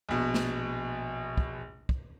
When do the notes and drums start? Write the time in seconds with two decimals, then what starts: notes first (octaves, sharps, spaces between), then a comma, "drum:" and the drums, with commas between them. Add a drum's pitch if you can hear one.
0.09 A#1 B2
0.34 drum: snare
1.38 drum: kick
1.89 drum: kick